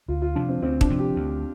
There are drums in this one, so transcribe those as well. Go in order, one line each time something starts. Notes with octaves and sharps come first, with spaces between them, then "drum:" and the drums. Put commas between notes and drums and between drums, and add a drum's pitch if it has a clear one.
D2 F4
F4
C3 F3 D4
C4
D2 C4
D4, drum: kick
C3 F3
G4
D2